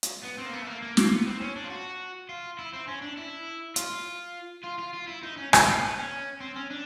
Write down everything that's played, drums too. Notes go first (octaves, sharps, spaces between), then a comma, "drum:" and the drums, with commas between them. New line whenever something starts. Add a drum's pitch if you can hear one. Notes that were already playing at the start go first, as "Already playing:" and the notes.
drum: hi-hat
B3
C4
A#3
B3
A3
A#3
A#3
A#3, drum: snare
B3
C4
C#4
D4
F4
F#4
F4
E4
C4
C#4
D4
E4
F4, drum: hi-hat
F4
F4
F4
E4
D#4
C#4
C4, drum: rim click
A#3
B3
C#4
C4
C#4
D4